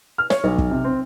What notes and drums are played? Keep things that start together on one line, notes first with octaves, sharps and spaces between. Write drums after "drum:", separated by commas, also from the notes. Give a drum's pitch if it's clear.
F6
C#5, drum: snare
B1
drum: kick
C3
C4